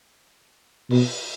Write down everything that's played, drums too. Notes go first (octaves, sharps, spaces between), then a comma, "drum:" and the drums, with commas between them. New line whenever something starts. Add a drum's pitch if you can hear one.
B2, drum: cymbal